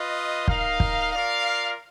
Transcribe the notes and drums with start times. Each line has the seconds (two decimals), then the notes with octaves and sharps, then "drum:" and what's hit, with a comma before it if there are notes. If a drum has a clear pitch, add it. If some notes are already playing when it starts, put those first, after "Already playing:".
Already playing: F4 B4 D#5
0.48 D#4 A#4 F5, drum: kick
0.80 drum: kick
1.12 F4 A#4 D5 F5